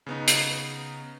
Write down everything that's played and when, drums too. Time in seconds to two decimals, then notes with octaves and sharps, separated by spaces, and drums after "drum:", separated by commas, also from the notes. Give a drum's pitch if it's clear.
0.07 C#3 B3 D#4
0.28 drum: hi-hat